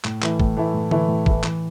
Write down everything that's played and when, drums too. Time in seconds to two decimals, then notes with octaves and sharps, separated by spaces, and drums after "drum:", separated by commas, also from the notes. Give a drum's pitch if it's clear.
0.05 A2, drum: clap
0.22 E3 A3 E4, drum: clap
0.40 A2, drum: kick
0.57 E3 A3 E4
0.74 A2
0.91 E3 A3 E4, drum: tom D3
1.08 A2
1.26 E3 A3 E4, drum: kick
1.44 E3, drum: clap